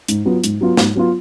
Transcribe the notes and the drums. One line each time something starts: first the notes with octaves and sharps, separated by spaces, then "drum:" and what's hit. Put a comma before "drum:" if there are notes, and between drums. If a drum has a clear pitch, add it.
G#2, drum: hi-hat
F#3 B3 F4
G#2, drum: hi-hat
F#3 B3 F4
G#2, drum: snare
F#3 B3 F4